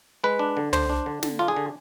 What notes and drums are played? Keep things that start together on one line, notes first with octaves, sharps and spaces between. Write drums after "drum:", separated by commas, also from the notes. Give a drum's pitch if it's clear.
G#3 B4
D4
D3
D4 C5, drum: tom
D4
D3
D3, drum: snare
D4 F4
G#4
D3